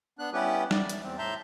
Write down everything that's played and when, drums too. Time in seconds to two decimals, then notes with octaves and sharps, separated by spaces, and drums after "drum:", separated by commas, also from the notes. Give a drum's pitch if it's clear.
0.19 B3 D4 F#6
0.33 G3 B3 C#4 E4 G4 B4
0.71 D5, drum: snare
0.89 drum: hi-hat
1.03 E2 C4
1.18 A2 E5 A5 A#5 C6 G6